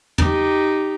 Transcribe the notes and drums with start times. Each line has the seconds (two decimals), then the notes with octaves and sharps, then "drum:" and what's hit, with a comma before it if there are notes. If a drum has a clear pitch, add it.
0.18 D#4 G4, drum: tom